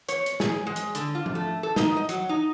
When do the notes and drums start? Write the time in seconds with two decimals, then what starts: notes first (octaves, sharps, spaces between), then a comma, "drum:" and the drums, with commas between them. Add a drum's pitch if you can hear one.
0.09 C#5, drum: hi-hat
0.26 drum: hi-hat
0.40 G#4, drum: snare
0.67 G#3
0.76 drum: hi-hat
0.95 D3, drum: hi-hat
1.15 F4
1.26 drum: tom F3
1.35 A3
1.63 A4
1.76 D#4, drum: snare
1.97 D#5
2.09 F#3, drum: hi-hat
2.29 D#4